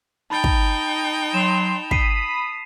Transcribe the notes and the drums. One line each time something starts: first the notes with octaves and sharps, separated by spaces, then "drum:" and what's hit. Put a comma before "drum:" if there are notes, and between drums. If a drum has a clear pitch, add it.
D#4 G5 A5 B5 A6
drum: kick
F#3 C6 E7 F7
B5 D#6 B6 C7 D#7, drum: kick